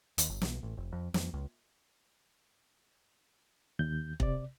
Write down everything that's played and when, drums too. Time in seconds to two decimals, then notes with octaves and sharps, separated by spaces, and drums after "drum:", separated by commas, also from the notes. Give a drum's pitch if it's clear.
0.18 D#2, drum: hi-hat
0.29 G1
0.41 B1, drum: snare
0.63 A1
0.77 F1
0.93 F2
1.14 F2, drum: snare
1.34 C#2
3.79 D#2 G6
4.20 C3 D5, drum: kick